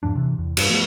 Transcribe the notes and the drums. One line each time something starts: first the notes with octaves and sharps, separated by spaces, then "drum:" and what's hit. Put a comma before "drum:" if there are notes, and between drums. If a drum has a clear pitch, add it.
E2 G#2 F3 D4
C3 E3
E2
G2, drum: cymbal
F3 A3 B3